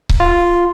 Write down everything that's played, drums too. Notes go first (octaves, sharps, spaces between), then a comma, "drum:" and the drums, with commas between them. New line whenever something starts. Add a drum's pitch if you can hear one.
drum: kick C#1
F4